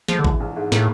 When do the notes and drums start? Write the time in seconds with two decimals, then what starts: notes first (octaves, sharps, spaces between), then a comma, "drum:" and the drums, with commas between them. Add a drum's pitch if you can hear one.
0.08 F3 G#3, drum: snare
0.19 D3
0.24 E3, drum: kick G#1
0.40 A#1
0.56 G#2
0.72 A2 A#3, drum: snare